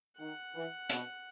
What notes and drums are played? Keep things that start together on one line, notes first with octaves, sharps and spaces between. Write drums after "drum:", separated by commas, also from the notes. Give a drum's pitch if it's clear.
D#3 F#5
E3
B2, drum: hi-hat